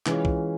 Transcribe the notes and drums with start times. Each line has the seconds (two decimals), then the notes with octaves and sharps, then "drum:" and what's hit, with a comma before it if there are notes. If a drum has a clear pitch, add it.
0.06 E3 G#3 C#4 F4, drum: clap
0.25 drum: kick B1